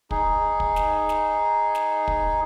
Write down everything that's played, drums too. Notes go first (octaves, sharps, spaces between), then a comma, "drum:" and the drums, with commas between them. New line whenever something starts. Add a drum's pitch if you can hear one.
D#4 G#4, drum: kick
drum: kick
drum: snare
drum: snare
drum: snare
drum: kick